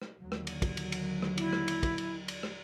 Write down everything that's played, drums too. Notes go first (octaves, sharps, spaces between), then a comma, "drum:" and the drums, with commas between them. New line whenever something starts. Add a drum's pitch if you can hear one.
drum: rim click
D#2 D3 F#3
drum: rim click
drum: cymbal
drum: kick, cymbal
drum: cymbal
drum: cymbal
drum: rim click
E4, drum: cymbal
drum: rim click
drum: cymbal
drum: kick, cymbal
drum: cymbal
drum: cymbal
drum: rim click